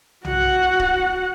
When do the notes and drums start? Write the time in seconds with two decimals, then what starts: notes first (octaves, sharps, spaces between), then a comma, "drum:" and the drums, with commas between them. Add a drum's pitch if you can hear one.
0.25 F#4 F#5, drum: tom B1
0.79 drum: kick